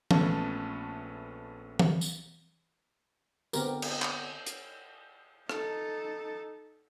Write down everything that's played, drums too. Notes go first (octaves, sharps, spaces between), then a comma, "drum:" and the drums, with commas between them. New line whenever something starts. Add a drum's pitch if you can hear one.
A#1 A3 B3 C#4 A5, drum: tom E3
drum: tom E3
drum: tambourine
D3 B3 C4 G4 A#4, drum: tambourine
drum: cymbal
drum: clap
drum: hi-hat
D#4 A4, drum: rim click